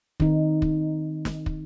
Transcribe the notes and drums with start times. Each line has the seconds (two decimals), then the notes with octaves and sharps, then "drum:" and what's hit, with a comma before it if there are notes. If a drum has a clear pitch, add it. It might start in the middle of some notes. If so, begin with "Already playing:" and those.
0.20 D#3 C4 D#4, drum: kick
0.62 drum: kick
1.25 drum: snare
1.46 drum: kick